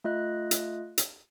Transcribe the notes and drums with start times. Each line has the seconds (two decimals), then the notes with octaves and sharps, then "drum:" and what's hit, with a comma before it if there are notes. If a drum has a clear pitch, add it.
0.04 A3 F4 D#5 F#6
0.51 drum: hi-hat
0.98 drum: hi-hat